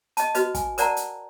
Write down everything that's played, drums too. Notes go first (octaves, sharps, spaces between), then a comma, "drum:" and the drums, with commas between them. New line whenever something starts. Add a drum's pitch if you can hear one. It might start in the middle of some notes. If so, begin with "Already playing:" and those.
D#5 A5, drum: hi-hat
F#4 B4 D#5, drum: hi-hat
G#5, drum: kick, hi-hat
A#4 C5 D5 F#5 A5 A#5, drum: hi-hat
drum: hi-hat